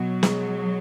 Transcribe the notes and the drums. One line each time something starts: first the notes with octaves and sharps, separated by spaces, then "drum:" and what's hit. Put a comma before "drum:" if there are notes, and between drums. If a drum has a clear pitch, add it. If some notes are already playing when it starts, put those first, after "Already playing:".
Already playing: B2 F#3
G#3, drum: snare